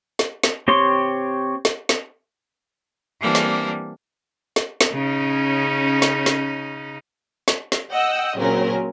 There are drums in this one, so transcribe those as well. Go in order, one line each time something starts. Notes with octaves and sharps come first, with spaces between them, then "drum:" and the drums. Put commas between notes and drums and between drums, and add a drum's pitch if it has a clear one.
drum: snare
drum: snare
C4 G4 C#5 C6
drum: snare
drum: snare
E3 G3 A#3 C4 D4
drum: snare
drum: snare
drum: snare
C#3 C#4 D#4
drum: snare
drum: snare
drum: snare
drum: snare
D#5 F#5 G5 E6
A#2 C#3 F#3 C4 C#4 A#4